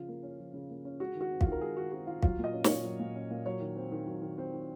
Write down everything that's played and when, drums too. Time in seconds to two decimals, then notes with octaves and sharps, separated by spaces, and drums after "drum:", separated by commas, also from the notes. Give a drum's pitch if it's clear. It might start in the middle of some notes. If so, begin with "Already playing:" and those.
Already playing: C#3 F3 F4
0.09 A#3
0.23 C#4
0.39 F3
0.54 C#3
0.70 A#3
0.85 C#4
1.00 G#3 F#4
1.15 D#3
1.21 F#4
1.31 C4
1.41 F4, drum: kick
1.46 D#3
1.52 A#4
1.61 G#3 G#4
1.77 D#3 F#4
1.92 C4 F#4
2.07 D#3 F4
2.22 F#3 F4, drum: kick
2.39 A#2
2.44 D#5
2.53 C#4
2.64 A#2 C#5, drum: snare
2.85 F#3
2.99 A#2
3.15 C#4
3.30 A#2
3.46 F#3 C#5
3.60 D#3
3.76 C4
3.92 D#3
4.07 F#3
4.22 D#3
4.38 C4
4.53 D#3